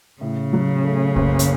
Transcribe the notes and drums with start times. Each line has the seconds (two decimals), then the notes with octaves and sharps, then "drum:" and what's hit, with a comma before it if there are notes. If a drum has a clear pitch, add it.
0.21 A2 C#3
0.53 F#3
0.84 A3
1.16 F#1, drum: kick
1.39 drum: hi-hat